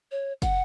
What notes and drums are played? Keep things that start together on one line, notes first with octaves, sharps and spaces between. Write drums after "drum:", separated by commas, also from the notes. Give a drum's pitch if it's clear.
C#5
F#5, drum: kick, hi-hat